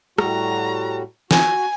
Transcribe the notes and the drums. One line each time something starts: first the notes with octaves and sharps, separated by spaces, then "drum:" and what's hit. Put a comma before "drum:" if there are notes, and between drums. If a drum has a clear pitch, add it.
A2 G3 F#4 A#5, drum: rim click
F#4 G#5, drum: snare